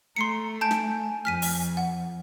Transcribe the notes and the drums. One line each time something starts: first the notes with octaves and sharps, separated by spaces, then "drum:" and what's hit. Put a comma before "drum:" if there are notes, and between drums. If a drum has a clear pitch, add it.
A3 A#5 C6 C7 C#7
G#5 A5 G6 D7
drum: snare
F2 F6 B6 D#7
drum: open hi-hat
F#5